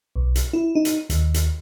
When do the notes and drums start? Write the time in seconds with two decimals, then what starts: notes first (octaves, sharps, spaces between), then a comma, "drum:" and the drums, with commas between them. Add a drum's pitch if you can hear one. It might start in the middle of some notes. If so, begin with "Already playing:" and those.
0.16 B1
0.35 drum: hi-hat
0.53 E4
0.75 D#4
0.85 drum: hi-hat
1.10 D#2, drum: hi-hat
1.34 drum: hi-hat